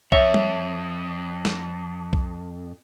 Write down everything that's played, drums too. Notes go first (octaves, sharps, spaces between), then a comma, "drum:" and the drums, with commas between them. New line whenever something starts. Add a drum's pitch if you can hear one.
F2 C#5 E5, drum: kick B1
drum: tom G3
drum: snare
drum: kick B1